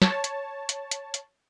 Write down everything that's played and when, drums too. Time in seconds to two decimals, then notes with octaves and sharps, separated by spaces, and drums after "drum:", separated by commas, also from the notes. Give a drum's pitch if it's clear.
0.02 C#5 A5, drum: snare
0.24 drum: hi-hat
0.69 drum: hi-hat
0.91 drum: hi-hat
1.14 drum: hi-hat